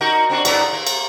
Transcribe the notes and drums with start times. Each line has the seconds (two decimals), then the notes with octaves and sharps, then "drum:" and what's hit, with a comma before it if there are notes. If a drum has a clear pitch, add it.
0.01 D#4 F#4 A#4
0.30 C4 D4 F#4
0.45 G#2 B3 A#4, drum: cymbal
0.73 A#3
0.87 drum: cymbal